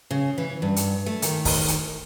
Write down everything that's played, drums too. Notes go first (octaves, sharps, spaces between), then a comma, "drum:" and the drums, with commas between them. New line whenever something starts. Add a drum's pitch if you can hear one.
C#3
E3
G2
drum: hi-hat
A3
D#3, drum: hi-hat
drum: kick, open hi-hat
drum: hi-hat